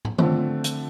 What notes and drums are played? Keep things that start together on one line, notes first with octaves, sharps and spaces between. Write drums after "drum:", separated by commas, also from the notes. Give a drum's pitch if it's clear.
drum: tom
D3 F3 A3 C4, drum: tom D#3
drum: hi-hat